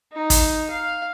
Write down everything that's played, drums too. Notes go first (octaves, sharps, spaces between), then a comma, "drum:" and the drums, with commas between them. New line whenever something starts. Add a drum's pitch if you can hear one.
D#4
drum: kick, hi-hat
F5